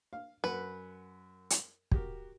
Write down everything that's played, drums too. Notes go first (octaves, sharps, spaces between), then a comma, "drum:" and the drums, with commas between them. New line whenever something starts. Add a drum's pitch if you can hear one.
F5
F#2 B4 F#5
drum: hi-hat
F#4 G4 A#4, drum: kick